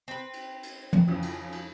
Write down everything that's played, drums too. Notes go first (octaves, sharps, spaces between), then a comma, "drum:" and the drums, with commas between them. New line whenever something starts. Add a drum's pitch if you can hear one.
C4 B4
drum: cymbal
drum: cymbal
drum: tom
F2 C#3 E3
drum: cymbal
drum: cymbal